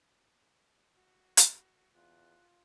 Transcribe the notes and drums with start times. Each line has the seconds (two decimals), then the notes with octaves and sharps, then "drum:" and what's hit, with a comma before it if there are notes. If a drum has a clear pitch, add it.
0.95 F#4
1.37 drum: hi-hat
1.95 E2 F4 F#6